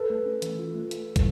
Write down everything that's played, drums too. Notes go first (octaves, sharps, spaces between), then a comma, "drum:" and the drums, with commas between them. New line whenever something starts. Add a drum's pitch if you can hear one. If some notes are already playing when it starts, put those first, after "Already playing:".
Already playing: A4 B4
A3
C#4
E3, drum: hi-hat
F4
A3
drum: hi-hat
drum: kick, hi-hat